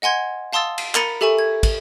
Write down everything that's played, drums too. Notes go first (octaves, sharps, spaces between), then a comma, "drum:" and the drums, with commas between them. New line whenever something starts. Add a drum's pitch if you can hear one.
D#5 F#5 G#5 C6 G#6
F5 A5 C6 D#6 E6 A6
drum: cymbal
A#4 A#5 B5 A6 C#7 D#7, drum: clap
G4 A4 E5 G#5 C#6 E7
G#6
drum: kick, cymbal